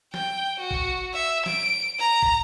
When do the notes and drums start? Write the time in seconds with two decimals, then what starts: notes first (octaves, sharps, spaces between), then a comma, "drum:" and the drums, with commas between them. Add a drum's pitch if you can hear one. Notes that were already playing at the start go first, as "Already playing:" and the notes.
0.14 G5, drum: snare
0.60 F#4
0.71 drum: kick
1.14 E5
1.46 D7, drum: snare
1.99 A#5
2.22 drum: kick